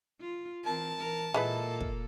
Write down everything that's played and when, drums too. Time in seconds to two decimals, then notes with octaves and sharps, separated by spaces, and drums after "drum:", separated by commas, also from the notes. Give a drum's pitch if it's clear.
0.20 F4
0.64 E3 C4 A#4 A5
0.95 E3 A#4
1.34 A#2 G#3 A#3 E4 A4 B4
1.81 drum: kick